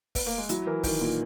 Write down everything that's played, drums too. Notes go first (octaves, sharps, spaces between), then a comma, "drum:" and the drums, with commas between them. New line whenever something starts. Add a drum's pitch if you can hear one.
B3, drum: kick, open hi-hat
A#3
G#3
F#3 E4, drum: hi-hat
E3 A#4
D#3 A#4, drum: kick, open hi-hat
A#2